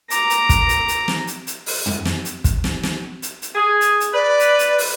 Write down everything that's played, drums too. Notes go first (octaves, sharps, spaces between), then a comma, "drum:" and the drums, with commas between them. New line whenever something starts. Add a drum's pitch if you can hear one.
A#5 D6, drum: hi-hat
drum: hi-hat
drum: kick, hi-hat
drum: hi-hat
drum: hi-hat
drum: snare
drum: hi-hat
drum: hi-hat
drum: open hi-hat
drum: tom
drum: snare
drum: hi-hat
drum: kick, hi-hat
drum: snare
drum: snare
drum: hi-hat
drum: hi-hat
G#4
drum: hi-hat
drum: hi-hat
B4 D5
drum: hi-hat
drum: hi-hat
drum: open hi-hat